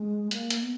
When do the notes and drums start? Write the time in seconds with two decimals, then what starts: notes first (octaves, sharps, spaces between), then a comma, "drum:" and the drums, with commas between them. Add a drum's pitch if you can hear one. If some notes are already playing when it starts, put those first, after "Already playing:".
Already playing: G#3
0.31 A#3, drum: hi-hat
0.50 drum: hi-hat
0.60 B3